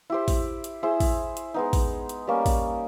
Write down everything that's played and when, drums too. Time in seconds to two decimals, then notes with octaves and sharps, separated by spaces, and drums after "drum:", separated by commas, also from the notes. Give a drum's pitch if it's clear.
0.10 E4 G4 C5
0.28 drum: kick A1, open hi-hat
0.64 drum: hi-hat
0.83 E4 G#4 C5
1.00 drum: kick A1, open hi-hat
1.37 drum: hi-hat
1.54 G#3 B3 D#4
1.73 drum: kick A1, open hi-hat
2.09 drum: hi-hat
2.27 G3 A#3 C#4
2.46 drum: kick A1, open hi-hat